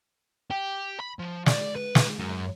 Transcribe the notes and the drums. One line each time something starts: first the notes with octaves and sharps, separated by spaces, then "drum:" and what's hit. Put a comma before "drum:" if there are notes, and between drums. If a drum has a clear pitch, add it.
G4
B5
F3
D5, drum: snare
B4
drum: snare
F#2